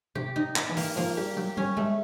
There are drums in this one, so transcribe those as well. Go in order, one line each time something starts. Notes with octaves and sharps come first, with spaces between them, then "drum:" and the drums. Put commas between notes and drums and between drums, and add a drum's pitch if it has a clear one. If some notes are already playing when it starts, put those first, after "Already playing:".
C3 G4
D#4
G4, drum: clap
E3
A#3, drum: open hi-hat
F3 A#3
G3 G4
F#3 G4
G3 C#4
G#3 A3